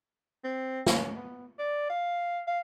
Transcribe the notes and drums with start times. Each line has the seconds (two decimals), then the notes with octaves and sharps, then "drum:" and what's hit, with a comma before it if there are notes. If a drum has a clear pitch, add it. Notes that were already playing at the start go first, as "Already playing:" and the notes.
0.44 C4
0.86 C#4, drum: snare
1.16 B3
1.59 D5
1.90 F5
2.47 F5